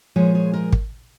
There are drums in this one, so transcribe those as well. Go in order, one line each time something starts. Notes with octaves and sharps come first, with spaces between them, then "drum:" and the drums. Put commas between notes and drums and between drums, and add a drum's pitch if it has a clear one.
A#2 F3 G#3 G#4 C#5
G#4 C#5
A#4 D#5
drum: kick